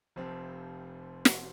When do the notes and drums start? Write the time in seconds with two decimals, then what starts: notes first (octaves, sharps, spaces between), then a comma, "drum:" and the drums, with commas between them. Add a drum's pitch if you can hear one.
0.16 F1 F2 C3 F3 C4
1.25 drum: snare